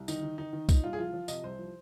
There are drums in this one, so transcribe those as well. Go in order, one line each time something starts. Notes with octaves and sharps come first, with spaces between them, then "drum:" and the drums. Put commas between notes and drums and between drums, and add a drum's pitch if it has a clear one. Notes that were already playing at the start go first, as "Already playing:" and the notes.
Already playing: C2
D#3 D#4, drum: tambourine
D#3
D#3 D#4
D#3
A#2 D#4, drum: kick B1, tambourine
C2 F4
G#4
F3 F4
F3
C3 D#5, drum: tambourine
C2 C5
F3